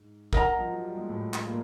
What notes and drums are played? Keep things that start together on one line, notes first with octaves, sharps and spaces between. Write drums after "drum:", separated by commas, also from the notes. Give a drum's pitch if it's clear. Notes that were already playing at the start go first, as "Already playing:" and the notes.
Already playing: G#2
A#4 D#5 F#5 A#5, drum: kick
F3
F#3
G3
G#3
A2 A3
drum: clap
A#2 A#3